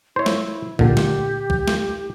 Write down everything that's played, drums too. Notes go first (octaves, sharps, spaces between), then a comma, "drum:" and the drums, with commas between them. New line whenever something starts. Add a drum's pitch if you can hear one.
E4 C5 C#5
drum: snare
A#2 D3 G4, drum: kick B1
drum: snare
drum: kick B1
drum: snare